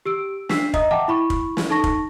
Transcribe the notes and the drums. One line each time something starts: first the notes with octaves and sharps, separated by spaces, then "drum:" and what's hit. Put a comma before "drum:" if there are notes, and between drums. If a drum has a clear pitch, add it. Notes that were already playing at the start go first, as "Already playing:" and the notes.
G4 E6 D7
D4 E6 B6 C7, drum: snare
D#5 E5 A#5 D#6, drum: kick
E5 F#5 G5 A5 D6
E4 B5 C#6
drum: kick
drum: snare
D#4 A4 A5 C#6 A#6
drum: kick